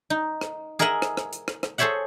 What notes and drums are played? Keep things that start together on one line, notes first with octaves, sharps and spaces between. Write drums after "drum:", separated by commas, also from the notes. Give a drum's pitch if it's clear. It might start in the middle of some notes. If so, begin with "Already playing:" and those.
D#4
drum: rim click
G#4 A#4 D#5 E5 F#5 G#5
drum: rim click
drum: rim click
drum: hi-hat
drum: rim click
drum: rim click
G#4 A4 C5 C#5 E5 F#5